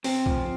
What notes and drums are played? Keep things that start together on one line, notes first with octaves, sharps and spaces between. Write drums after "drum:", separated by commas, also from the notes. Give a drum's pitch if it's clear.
C3 C4, drum: open hi-hat
F3, drum: kick B1